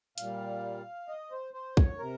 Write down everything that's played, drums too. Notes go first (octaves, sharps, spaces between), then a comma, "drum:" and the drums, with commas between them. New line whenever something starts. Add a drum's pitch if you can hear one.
A#2 G3 F5, drum: hi-hat
D#5
C5
C5
C#5, drum: kick
C3 A#4